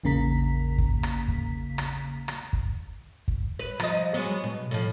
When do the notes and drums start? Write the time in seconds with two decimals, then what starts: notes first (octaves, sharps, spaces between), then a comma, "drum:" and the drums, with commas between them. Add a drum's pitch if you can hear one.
0.03 A1 E2 C#3 A#3 A#5 B6
0.78 drum: kick
1.03 drum: rim click
1.28 drum: kick
1.78 drum: rim click
2.28 drum: rim click
2.53 drum: kick
3.28 drum: kick
3.59 B4
3.80 F3 D#5, drum: rim click
4.14 F#3 G#3 B3
4.44 B2
4.71 A2 F3